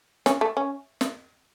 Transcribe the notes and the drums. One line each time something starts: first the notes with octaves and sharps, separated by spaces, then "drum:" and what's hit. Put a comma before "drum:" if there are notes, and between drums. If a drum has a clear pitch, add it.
C#4, drum: snare
A3
C#4
drum: snare